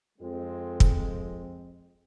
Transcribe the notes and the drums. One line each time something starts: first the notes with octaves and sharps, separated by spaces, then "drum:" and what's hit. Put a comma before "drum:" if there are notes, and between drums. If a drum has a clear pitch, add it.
F2 G#3 C4
drum: kick